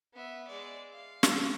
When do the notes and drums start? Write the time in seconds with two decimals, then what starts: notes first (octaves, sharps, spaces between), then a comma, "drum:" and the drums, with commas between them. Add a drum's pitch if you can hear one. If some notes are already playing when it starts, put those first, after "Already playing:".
0.14 B3 E5
0.47 G#3 D5
0.92 F5
1.23 drum: snare